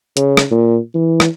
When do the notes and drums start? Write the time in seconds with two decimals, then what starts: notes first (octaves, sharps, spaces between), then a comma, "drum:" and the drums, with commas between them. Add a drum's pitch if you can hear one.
0.17 C#3, drum: hi-hat
0.37 drum: rim click
0.51 A#2
0.94 E3
1.20 drum: rim click